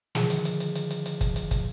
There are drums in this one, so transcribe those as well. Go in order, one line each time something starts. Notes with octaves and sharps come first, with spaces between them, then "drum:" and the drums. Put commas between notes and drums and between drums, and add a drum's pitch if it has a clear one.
D3 D#3 F3 G#4, drum: snare
drum: hi-hat
drum: hi-hat
drum: hi-hat
drum: hi-hat
drum: hi-hat
drum: hi-hat
drum: kick, hi-hat
drum: hi-hat
drum: kick, hi-hat